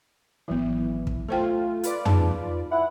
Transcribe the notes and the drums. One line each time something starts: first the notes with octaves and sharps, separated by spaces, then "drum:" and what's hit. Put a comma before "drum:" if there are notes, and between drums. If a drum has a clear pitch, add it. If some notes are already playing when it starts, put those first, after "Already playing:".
G#1 E3 F#3 B3
drum: kick
A3 F4 A4 C5 G5
F4 B4 D5, drum: hi-hat
D#4 G#4 A5, drum: tom
E4 F#5